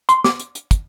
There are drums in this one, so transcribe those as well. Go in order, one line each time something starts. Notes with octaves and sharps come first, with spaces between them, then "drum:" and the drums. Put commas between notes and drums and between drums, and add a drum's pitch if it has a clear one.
C6, drum: hi-hat
D6, drum: snare
drum: hi-hat
drum: hi-hat
drum: kick, hi-hat